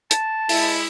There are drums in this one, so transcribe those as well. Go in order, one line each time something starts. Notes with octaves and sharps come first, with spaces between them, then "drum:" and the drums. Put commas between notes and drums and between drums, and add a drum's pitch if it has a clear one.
A5, drum: hi-hat
G#3 E4, drum: open hi-hat